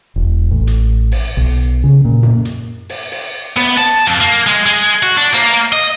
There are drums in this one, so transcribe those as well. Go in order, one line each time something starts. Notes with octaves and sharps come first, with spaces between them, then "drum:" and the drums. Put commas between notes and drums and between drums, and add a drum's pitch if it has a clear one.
E1
A1
drum: hi-hat
drum: open hi-hat
B1
C#3
A#2
drum: tom F#2
drum: hi-hat
drum: open hi-hat
drum: open hi-hat
B3, drum: open hi-hat
A5
F2
A#3, drum: hi-hat
G#3
G#3
F#4
D4
A#3, drum: open hi-hat
D#5